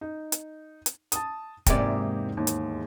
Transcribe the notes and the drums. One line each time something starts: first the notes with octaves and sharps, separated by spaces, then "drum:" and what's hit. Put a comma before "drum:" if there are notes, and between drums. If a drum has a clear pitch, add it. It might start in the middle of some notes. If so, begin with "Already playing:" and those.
D#4
drum: hi-hat
drum: hi-hat
A5 D#6, drum: hi-hat
E2 G#2 C3 A#3 D5 G5, drum: kick, hi-hat
D#2
drum: hi-hat